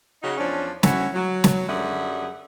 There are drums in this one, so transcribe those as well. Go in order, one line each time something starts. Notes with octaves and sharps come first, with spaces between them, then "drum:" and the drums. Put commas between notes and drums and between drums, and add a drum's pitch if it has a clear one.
C#3 D#4 F#4
E2 F3 C#4 D4
D2 C#4 E4 F#4, drum: snare
F#3
drum: snare
F#2 D3 G3 G#4 E5 F#5